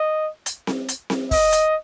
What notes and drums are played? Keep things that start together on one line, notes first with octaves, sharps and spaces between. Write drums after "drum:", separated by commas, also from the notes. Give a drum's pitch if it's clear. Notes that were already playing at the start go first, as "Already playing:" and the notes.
Already playing: D#5
drum: hi-hat
drum: snare C4
drum: hi-hat
drum: snare C4
D#5, drum: kick, open hi-hat
drum: hi-hat